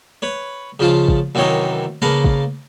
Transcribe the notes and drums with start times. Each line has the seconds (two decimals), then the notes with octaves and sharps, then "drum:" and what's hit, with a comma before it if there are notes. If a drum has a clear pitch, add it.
0.22 B4 C#5
0.79 C#3 F3 F4 C5 A5
1.08 drum: kick
1.35 F#2 C3 D#3 E3 C#5 D#5
2.02 C#3 A#3 B4 F5 A5 A#5
2.24 drum: kick